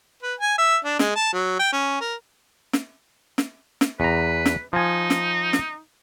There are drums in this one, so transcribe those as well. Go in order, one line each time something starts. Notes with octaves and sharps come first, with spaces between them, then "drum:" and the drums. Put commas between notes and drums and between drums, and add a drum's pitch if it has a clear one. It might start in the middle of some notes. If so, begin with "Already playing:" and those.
B4
G#5
E5
D4
G#3, drum: snare
A5
F#3
G5
C#4
A#4
drum: snare
drum: snare
drum: snare
E2 B4 A#5
drum: snare
F3 D#4 G#5
drum: snare
drum: snare